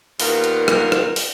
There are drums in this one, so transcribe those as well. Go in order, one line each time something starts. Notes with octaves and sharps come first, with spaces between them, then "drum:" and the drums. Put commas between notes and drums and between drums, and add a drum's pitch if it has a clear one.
D#2 G3 B3 F4 A#4, drum: open hi-hat
drum: hi-hat
drum: rim click
drum: rim click
drum: open hi-hat